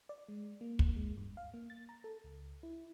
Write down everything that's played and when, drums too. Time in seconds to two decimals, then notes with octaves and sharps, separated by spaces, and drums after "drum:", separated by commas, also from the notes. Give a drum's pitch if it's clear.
0.09 D5
0.28 G#3
0.61 A#3
0.79 drum: kick
0.96 G#3
1.17 G2
1.37 F5
1.54 A#3
1.70 A6
1.89 A#5
2.04 A4
2.24 C#2
2.63 E4